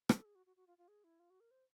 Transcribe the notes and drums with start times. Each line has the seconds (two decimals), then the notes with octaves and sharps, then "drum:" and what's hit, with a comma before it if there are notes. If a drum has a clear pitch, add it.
0.09 A4, drum: rim click
0.25 G#4
0.35 F#4
0.46 F#4
0.57 F#4
0.67 F4
0.78 F4
0.88 G#4
1.04 E4
1.20 F4
1.30 F#4
1.40 A#4
1.51 C5